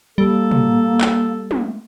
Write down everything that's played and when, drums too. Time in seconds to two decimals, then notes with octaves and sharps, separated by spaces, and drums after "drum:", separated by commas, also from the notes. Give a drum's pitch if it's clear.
0.18 G3 A#3 A4
0.51 drum: tom
1.01 drum: clap
1.51 drum: tom